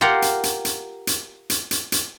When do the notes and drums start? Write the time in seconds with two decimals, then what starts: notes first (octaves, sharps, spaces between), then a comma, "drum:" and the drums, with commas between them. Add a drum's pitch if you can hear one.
0.01 F4 G4 A#4 F5 F#5
0.22 drum: hi-hat
0.43 drum: hi-hat
0.65 drum: hi-hat
1.07 drum: hi-hat
1.50 drum: hi-hat
1.71 drum: hi-hat
1.92 drum: hi-hat